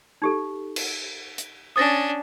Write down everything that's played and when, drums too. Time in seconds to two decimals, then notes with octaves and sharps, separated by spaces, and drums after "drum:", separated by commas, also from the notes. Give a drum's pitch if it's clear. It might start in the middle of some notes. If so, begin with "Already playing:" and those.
0.22 D#4 G4 A4
0.76 drum: cymbal
1.38 drum: hi-hat
1.76 C#4 D4 D#6 A6 A#6